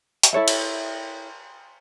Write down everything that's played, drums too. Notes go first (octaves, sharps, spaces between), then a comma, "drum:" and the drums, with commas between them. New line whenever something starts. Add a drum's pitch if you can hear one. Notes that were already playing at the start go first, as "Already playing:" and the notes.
drum: hi-hat
E4 A4 C#5 E5
drum: cymbal